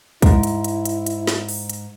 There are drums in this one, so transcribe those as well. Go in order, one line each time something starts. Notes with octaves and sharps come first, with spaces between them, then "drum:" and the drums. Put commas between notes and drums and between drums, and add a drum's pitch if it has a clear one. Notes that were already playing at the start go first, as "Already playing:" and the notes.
G#2 E4, drum: kick, hi-hat
drum: hi-hat
drum: hi-hat
drum: hi-hat
drum: hi-hat
drum: snare
drum: open hi-hat
drum: hi-hat